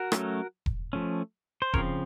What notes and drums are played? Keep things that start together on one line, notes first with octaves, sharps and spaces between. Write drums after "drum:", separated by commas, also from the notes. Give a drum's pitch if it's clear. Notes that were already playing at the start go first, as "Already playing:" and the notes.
Already playing: F#4 A#4
F#3 A3 C#4, drum: rim click
drum: kick E1
F3 A3 C#4
C5
C#3 F3 C4 A#4 C#5, drum: kick E1